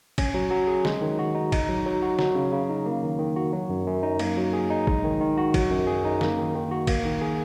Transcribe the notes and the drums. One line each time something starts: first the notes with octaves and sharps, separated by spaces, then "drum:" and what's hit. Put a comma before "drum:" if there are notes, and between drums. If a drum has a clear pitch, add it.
C#4, drum: kick, cymbal
F#3
F#3
G#4
G#3, drum: snare
D#3
F#4
D#4
D#4, drum: kick, cymbal
F#3
F#3
F#4
F#3, drum: snare
C#3
C#3
D#4
A#3
D#3
D#3
F#4
F#3
F#2
F#2
D#4
A#3, drum: cymbal
F#3
G#4
D#4
G#3, drum: kick
D#3
D#3
F#4
F#3, drum: kick, cymbal
F#2
G#4
D#4
A#3, drum: snare
D#3
D#3
F#4
A#3, drum: kick, cymbal
D#3
G#4